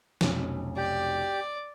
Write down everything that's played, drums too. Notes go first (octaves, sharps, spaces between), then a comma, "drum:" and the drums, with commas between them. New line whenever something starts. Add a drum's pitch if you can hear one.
F1 B1 C#4, drum: snare
G4 D5